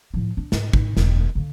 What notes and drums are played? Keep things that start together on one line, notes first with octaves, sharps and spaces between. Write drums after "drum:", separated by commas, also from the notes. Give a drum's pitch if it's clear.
A2 F3
D4
G#2, drum: snare
G#2, drum: kick
E1 D2, drum: snare
D3 A#3